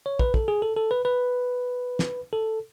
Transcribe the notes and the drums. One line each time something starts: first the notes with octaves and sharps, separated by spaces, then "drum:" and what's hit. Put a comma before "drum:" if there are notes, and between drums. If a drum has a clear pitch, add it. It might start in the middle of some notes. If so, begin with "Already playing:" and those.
C#5
B4, drum: kick
A4, drum: kick
G#4
A4
A4
B4
B4
drum: snare
A4